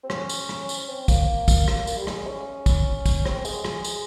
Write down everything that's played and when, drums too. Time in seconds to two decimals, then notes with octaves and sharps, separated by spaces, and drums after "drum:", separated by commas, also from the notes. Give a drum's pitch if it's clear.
0.04 C4
0.10 C#4, drum: rim click
0.29 drum: tambourine
0.49 drum: rim click
0.69 drum: tambourine
0.78 C#4
0.89 C4
1.08 A#3, drum: kick, tambourine
1.48 drum: kick, tambourine
1.68 A#3, drum: rim click
1.87 A#3, drum: tambourine
1.98 G3
2.07 G#3, drum: rim click
2.27 C#4
2.66 drum: kick, tambourine
3.06 drum: kick, tambourine
3.26 C4, drum: rim click
3.45 G#3, drum: tambourine
3.65 G#3, drum: rim click
3.84 drum: tambourine